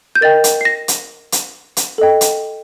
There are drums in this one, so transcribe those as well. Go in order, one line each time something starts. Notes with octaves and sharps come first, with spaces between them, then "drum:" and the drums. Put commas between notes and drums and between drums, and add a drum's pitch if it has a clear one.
G6
A#4 D#5 G5 A6
drum: hi-hat
C7
A#6
drum: hi-hat
drum: hi-hat
drum: hi-hat
A4 D#5 G5
drum: hi-hat